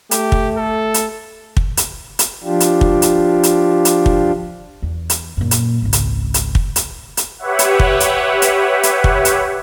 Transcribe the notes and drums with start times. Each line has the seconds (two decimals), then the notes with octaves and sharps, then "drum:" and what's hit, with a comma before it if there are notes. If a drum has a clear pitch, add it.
0.11 A3 G4, drum: hi-hat
0.32 drum: kick
0.57 A4
0.94 drum: hi-hat
1.57 drum: kick
1.77 drum: hi-hat
2.19 drum: hi-hat
2.44 F3 D4 F4 G4
2.60 drum: hi-hat
2.81 drum: kick
3.02 drum: hi-hat
3.43 drum: hi-hat
3.85 drum: hi-hat
4.06 drum: kick
4.82 E2
5.10 drum: hi-hat
5.37 F#2 A#2
5.51 drum: hi-hat
5.82 G#1 C#2
5.93 drum: hi-hat
6.34 drum: hi-hat
6.55 drum: kick
6.76 drum: hi-hat
7.17 drum: hi-hat
7.38 G4 B4 C#5 E5 F#5
7.59 drum: hi-hat
7.80 drum: kick
8.00 drum: hi-hat
8.42 drum: hi-hat
8.83 drum: hi-hat
9.04 drum: kick
9.25 drum: hi-hat